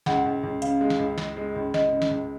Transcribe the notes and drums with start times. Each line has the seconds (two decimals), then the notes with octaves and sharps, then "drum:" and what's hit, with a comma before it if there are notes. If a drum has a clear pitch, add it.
0.06 C#2 F#5, drum: snare
0.26 C#2
0.43 C#2
0.62 C#3 F5, drum: hi-hat
0.81 G#3
0.90 drum: snare
1.00 C#2
1.18 G#3, drum: snare
1.37 G#3
1.56 C#2
1.74 G#3 D#5, drum: snare
1.92 C#3
2.02 drum: snare
2.11 C#2